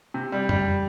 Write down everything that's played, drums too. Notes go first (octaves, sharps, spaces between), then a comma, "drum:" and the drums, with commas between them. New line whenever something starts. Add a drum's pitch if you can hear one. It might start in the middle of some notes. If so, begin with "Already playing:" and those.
C3
G3
G3, drum: tom F2